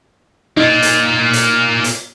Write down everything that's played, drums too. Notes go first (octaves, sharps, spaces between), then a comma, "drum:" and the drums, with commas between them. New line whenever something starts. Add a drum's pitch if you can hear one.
A#3 D#4 F4
drum: hi-hat
drum: hi-hat
drum: hi-hat